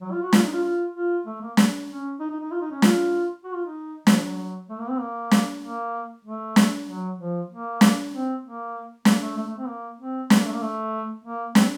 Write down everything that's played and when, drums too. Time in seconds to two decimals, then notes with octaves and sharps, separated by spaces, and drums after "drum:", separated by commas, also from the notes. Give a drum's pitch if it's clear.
0.01 F#3
0.12 F4
0.22 F#4
0.33 F4, drum: snare
0.43 D#4
0.53 F4
0.63 F4
0.95 F4
1.26 A3
1.42 A#3
1.57 drum: snare
1.89 C#4
2.20 D#4
2.30 D#4
2.40 D#4
2.51 F4
2.61 D#4
2.71 C#4
2.82 F4, drum: snare
3.44 F#4
3.55 F4
3.65 D#4
4.07 F3, drum: snare
4.22 F#3
4.69 A3
4.80 A#3
4.90 C4
5.00 A#3
5.31 drum: snare
5.63 A#3
6.25 A3
6.56 drum: snare
6.87 F#3
7.18 F3
7.50 A#3
7.81 drum: snare
8.12 C4
8.43 A#3
9.05 A#3, drum: snare
9.21 A3
9.37 A3
9.47 A3
9.58 C4
9.68 A#3
9.99 C4
10.30 C4, drum: snare
10.38 A#3
10.45 A3
10.53 A#3
10.61 A3
11.24 A#3
11.55 C4, drum: snare